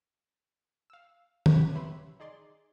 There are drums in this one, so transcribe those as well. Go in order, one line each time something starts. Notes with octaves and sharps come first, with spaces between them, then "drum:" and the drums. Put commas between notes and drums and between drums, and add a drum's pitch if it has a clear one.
F5 E6
A2 F#3 F#5 B5, drum: tom
G4 B4 C#5 E5 B5 C6
D#4 G#4 D5 C6